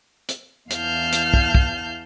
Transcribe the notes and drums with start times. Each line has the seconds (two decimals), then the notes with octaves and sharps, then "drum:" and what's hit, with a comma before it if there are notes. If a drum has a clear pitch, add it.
0.29 drum: hi-hat
0.71 E2 E3 F5 A5 F6 G6, drum: hi-hat
1.13 drum: hi-hat
1.34 drum: kick
1.55 drum: kick